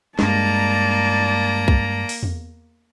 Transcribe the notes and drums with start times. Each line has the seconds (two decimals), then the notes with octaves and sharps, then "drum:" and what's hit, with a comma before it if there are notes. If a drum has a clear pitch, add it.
0.19 G2 G#3 A#3 D5 A5 A#5, drum: snare
1.68 drum: kick
2.09 drum: open hi-hat
2.23 drum: tom E2